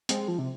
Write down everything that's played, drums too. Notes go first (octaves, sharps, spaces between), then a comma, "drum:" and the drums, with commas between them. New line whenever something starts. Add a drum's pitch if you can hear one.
G#3 C4, drum: hi-hat
F3
C3